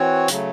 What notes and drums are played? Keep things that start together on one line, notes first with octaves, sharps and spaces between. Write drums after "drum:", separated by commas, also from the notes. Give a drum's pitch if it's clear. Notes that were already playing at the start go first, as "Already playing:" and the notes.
Already playing: E3 C4 F#4 C#5
C#3 F#3 A3, drum: hi-hat